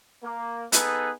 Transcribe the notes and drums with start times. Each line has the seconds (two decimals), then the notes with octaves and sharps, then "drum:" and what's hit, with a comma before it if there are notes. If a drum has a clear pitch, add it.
0.22 A#3
0.72 B3 D#4 G#4 A4 B4, drum: hi-hat